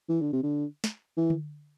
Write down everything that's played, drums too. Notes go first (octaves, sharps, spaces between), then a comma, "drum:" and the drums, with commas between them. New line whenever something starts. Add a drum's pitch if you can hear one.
E3
D3
C3
D3
drum: snare
E3
drum: tom D3